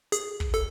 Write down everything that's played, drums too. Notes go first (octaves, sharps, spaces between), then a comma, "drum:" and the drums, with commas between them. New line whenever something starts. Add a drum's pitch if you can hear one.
G#4, drum: hi-hat
drum: kick
A4